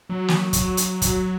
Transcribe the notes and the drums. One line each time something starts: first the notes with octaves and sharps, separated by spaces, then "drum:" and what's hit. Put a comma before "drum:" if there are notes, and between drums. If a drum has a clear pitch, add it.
F#3
drum: snare
drum: kick, hi-hat
drum: hi-hat
drum: kick, hi-hat